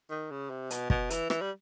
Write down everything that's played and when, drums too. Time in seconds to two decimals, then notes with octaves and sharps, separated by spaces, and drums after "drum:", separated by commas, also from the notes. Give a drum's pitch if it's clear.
0.10 D#3
0.31 C#3
0.50 C3
0.70 B2, drum: hi-hat
0.90 B2, drum: kick
1.10 E3, drum: hi-hat
1.30 E3, drum: rim click
1.41 G3